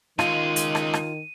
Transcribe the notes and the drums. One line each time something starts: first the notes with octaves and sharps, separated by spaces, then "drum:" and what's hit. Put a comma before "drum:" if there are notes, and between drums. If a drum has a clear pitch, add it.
C#2 D#3 G#3 F4 D#7, drum: rim click
drum: hi-hat
drum: rim click
drum: rim click